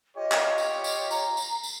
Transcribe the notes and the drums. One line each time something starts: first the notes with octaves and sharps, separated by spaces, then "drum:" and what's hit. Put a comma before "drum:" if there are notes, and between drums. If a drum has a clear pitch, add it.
F4 G4 C#5 D#5
drum: clap
drum: tambourine
drum: tambourine
A#5, drum: tambourine
drum: tambourine
drum: tambourine